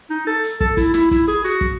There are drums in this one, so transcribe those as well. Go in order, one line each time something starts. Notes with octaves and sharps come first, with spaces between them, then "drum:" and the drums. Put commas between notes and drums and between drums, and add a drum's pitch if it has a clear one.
D#4
A4
drum: hi-hat
A4, drum: kick
E4, drum: kick, hi-hat
E4, drum: snare
E4, drum: kick, hi-hat
G#4
F#4, drum: hi-hat
drum: kick